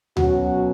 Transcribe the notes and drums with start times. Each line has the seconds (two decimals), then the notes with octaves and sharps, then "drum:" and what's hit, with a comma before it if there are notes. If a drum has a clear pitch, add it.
0.17 B2 F#3 C#4 F#4, drum: tom D2